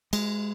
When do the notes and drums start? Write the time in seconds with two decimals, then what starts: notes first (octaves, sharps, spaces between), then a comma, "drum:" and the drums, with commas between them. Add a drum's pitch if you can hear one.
0.13 G#3, drum: cymbal